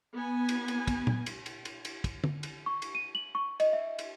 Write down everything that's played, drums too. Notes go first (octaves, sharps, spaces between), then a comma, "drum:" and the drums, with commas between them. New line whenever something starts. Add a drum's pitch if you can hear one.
B3 G#5
drum: cymbal
drum: cymbal
drum: kick, cymbal
drum: tom A#2
drum: cymbal
drum: cymbal
drum: cymbal
drum: cymbal
drum: kick, cymbal
drum: tom
drum: cymbal
C#6
drum: cymbal
D#7
F#7
C#6
D#5, drum: cymbal
E5
drum: cymbal